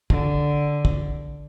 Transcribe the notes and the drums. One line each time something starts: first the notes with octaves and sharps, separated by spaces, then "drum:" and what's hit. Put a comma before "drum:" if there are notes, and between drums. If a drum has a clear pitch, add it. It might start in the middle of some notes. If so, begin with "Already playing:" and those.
D3, drum: kick
drum: kick